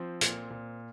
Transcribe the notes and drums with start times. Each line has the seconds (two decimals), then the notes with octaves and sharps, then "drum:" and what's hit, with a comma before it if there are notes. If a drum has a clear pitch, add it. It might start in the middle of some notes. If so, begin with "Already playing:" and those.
Already playing: F3 C4
0.21 A#2, drum: hi-hat
0.51 A#2